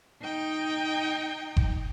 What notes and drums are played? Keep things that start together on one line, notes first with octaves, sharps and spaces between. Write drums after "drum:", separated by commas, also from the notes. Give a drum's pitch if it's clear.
D#4 G5
drum: kick F#1